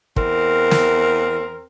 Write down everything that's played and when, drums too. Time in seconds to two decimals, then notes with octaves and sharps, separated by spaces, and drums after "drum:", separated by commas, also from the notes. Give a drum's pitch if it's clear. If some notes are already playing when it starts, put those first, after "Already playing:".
0.16 E2 C4 A#4, drum: kick
0.71 drum: snare